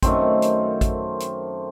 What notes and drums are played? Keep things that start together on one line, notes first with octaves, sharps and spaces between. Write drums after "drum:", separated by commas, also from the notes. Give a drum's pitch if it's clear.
F#2 D#3 A3 C4, drum: kick A1, hi-hat
drum: hi-hat
drum: kick A1, hi-hat
drum: hi-hat